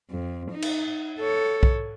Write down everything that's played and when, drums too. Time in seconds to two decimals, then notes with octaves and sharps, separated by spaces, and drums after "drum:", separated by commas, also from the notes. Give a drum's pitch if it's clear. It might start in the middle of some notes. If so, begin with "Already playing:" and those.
0.11 F2
0.52 D#4
0.62 drum: cymbal
1.19 A4 C#5
1.63 drum: kick B1